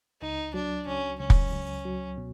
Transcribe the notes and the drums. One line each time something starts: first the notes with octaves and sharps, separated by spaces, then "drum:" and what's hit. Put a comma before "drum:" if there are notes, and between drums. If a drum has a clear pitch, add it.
C#2 D#4
F#3 D4
C#2 C#4
C#2 C#4
drum: kick
C#2
F#3
B2